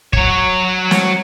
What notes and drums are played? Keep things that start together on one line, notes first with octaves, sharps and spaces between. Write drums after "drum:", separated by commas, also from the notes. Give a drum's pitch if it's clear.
F#3 C#5, drum: kick
drum: snare